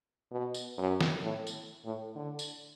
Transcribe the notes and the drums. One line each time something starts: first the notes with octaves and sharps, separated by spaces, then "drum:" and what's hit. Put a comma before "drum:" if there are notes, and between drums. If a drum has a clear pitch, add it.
B2
drum: tambourine
F#2
drum: snare
A2
drum: tambourine
A2
D3
drum: tambourine